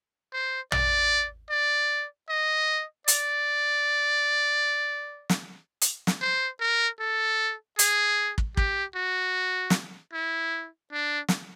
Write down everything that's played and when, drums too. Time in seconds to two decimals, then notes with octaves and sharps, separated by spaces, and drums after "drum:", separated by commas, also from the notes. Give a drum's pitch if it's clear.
0.34 C5
0.72 D5, drum: tom
1.51 D5
2.29 D#5
3.08 D5, drum: hi-hat
5.29 drum: snare
5.81 drum: hi-hat
6.07 drum: snare
6.22 C5
6.61 A#4
7.00 A4
7.79 G#4, drum: hi-hat
8.38 drum: kick
8.57 G4, drum: kick
8.96 F#4
9.70 drum: snare
10.14 E4
10.93 D4
11.28 drum: snare